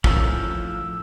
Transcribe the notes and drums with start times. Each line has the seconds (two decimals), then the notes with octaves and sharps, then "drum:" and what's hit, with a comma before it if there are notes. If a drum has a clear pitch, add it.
0.04 A2 F3 C#4 D#4 E6, drum: kick